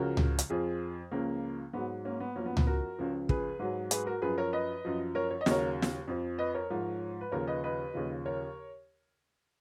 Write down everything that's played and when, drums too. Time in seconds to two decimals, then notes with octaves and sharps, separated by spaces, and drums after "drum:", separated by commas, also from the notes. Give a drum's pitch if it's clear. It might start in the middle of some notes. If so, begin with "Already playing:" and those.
Already playing: C#2 C#3 F3 F#4 A#4
0.17 drum: tom C#2
0.39 drum: hi-hat
0.50 F2 F3 F4 G#4
1.11 C#2 C#3 F3 A#3
1.73 G#2 F#3 B3
2.05 A#3 C#4
2.20 B3
2.36 F#2 F3 A#3 C#4
2.46 B3
2.57 B3, drum: tom C#2
2.67 F#4 A#4
2.99 C#2 C#3 F3
3.29 G#4 B4, drum: kick
3.60 G#2 F#3
3.91 G#4 B4, drum: hi-hat
4.06 F#4 A#4
4.21 F#2 F3 G#4 B4
4.38 A#4 C#5
4.53 B4 D#5
4.85 F#2 F3
5.15 A#4 C#5
5.31 C#5
5.41 D#5
5.46 D#2 C#3 F#3 A#4 C#5, drum: snare
5.82 drum: snare
6.08 F2 F3
6.39 B4 D#5
6.54 A#4 C#5
6.71 G#2 F3
7.21 B4
7.32 D#2 C#3 F3 A#4 C#5
7.47 B4 D#5
7.64 B4 D#5
7.94 D#2 C#3 F3
8.25 A#4 C#5